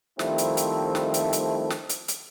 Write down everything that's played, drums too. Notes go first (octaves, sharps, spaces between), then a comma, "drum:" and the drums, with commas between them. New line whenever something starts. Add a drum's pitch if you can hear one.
D#3 F3 G3 A3 C4 E4, drum: snare
drum: hi-hat
drum: hi-hat
drum: snare
drum: hi-hat
drum: hi-hat
drum: snare
drum: hi-hat
drum: hi-hat